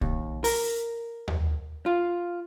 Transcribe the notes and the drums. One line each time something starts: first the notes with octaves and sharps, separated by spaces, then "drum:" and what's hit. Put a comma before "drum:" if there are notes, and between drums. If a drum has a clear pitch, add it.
D#2, drum: kick
A#4, drum: open hi-hat
drum: tom D#2
F4